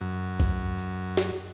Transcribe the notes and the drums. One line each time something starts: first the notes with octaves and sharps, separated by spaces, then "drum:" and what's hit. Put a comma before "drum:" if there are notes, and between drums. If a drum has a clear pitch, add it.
F#2
drum: kick, tambourine
drum: tambourine
drum: snare